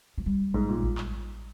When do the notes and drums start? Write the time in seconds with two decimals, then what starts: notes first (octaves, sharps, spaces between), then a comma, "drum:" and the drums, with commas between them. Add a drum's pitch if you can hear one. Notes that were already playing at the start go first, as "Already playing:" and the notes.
0.18 F3
0.26 G3
0.54 G#2, drum: kick A1
0.69 A#2
0.83 drum: kick A1
0.98 drum: clap